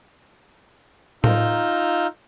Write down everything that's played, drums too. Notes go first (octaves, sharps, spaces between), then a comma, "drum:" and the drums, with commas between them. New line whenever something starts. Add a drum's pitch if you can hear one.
D#4 F4 A#5 E6 F6 G6, drum: tom A2